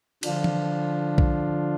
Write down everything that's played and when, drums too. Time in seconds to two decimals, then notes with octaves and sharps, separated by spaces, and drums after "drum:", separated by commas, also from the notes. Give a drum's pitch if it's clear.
0.23 D3 F3 D4 F4, drum: cymbal
0.44 drum: tom E3
1.18 drum: kick